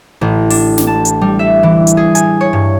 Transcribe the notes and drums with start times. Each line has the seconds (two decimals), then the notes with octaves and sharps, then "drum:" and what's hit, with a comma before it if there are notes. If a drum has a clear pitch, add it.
0.21 A1
0.50 D4, drum: open hi-hat
0.78 drum: snare
0.87 A5
1.05 drum: hi-hat
1.21 G3
1.39 E5
1.63 E3
1.87 drum: hi-hat
1.97 G#4
2.15 G#5, drum: hi-hat
2.41 C#5
2.53 G2